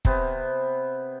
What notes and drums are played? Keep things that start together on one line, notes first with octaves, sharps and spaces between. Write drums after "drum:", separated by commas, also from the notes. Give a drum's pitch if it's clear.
C3 B3 C4, drum: kick